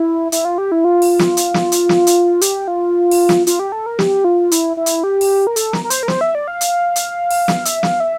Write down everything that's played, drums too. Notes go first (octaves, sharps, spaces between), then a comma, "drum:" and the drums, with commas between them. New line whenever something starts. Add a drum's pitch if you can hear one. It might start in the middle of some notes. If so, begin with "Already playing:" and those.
Already playing: E4
E4, drum: hi-hat
F4
G4
E4
F4
drum: open hi-hat
drum: snare
drum: hi-hat
drum: snare
drum: hi-hat
drum: snare
drum: hi-hat
G4, drum: hi-hat
F4
drum: open hi-hat
drum: snare
F4, drum: hi-hat
G4
A4
A#4
G4, drum: snare
F4
E4, drum: hi-hat
E4
drum: hi-hat
G4
drum: open hi-hat
A#4
A4, drum: hi-hat
A#4, drum: snare
A#4
C5, drum: hi-hat
A#4
C5, drum: snare
E5
D5
F5
drum: hi-hat
drum: hi-hat
drum: open hi-hat
drum: snare
E5, drum: hi-hat
F5, drum: snare
E5